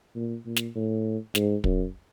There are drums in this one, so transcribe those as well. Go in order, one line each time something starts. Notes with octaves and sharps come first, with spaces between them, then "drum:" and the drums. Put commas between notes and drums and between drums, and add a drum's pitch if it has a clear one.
A#2
A#2
drum: snare
A2
G#2, drum: snare
F#2, drum: kick